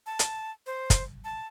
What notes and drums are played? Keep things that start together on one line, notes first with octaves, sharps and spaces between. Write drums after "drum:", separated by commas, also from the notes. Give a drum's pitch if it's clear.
A5
drum: hi-hat
C5
drum: kick, hi-hat
A5